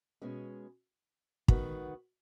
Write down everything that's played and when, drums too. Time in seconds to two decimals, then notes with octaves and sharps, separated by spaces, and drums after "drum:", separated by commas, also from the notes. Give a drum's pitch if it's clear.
0.22 B2 G#3 C#4
1.48 D#3 B3 F#4, drum: kick